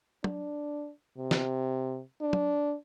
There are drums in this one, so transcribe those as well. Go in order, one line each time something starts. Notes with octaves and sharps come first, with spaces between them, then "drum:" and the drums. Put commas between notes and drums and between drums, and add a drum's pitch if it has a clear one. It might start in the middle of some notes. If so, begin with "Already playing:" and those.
D4, drum: tom
C3
drum: snare
D4
drum: tom